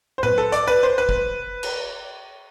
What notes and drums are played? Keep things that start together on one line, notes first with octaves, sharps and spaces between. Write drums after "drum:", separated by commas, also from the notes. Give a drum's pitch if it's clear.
C5
B4, drum: tom A2
A4
D5, drum: hi-hat
B4
C5
B4
drum: kick
drum: cymbal